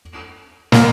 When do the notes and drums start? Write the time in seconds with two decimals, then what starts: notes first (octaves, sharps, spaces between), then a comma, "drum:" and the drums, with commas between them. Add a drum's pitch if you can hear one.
0.72 A#3, drum: snare